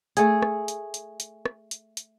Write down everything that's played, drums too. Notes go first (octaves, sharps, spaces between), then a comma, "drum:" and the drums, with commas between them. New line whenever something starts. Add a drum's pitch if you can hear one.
A3 G#4, drum: hi-hat
drum: rim click
drum: hi-hat
drum: hi-hat
drum: hi-hat
drum: rim click
drum: hi-hat
drum: hi-hat